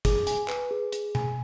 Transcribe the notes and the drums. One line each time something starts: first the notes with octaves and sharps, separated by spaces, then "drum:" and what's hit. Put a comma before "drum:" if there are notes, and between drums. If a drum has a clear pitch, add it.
G#4, drum: kick, hi-hat
G#5, drum: hi-hat
B4, drum: clap
G#4
G#4, drum: hi-hat
G#5, drum: tom B2